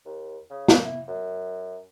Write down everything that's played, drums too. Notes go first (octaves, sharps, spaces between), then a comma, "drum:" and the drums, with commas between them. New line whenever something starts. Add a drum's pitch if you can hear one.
D#2
C#3
drum: snare
E4
F#2